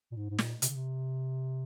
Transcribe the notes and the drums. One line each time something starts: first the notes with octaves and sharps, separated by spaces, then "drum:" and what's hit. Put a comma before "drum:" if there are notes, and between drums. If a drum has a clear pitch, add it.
A#2
G#2
G#2
A#2, drum: snare
C3, drum: hi-hat
C#3
C3